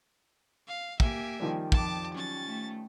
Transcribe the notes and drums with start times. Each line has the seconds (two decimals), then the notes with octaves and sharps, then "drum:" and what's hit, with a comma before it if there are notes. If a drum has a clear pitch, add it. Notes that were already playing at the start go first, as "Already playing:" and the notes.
0.68 F5
1.00 A#3 G4 E5 G#5, drum: kick
1.40 D#3 F3 G3
1.72 F2 A5 D6, drum: kick
2.14 F#3 C#4 A6
2.46 A3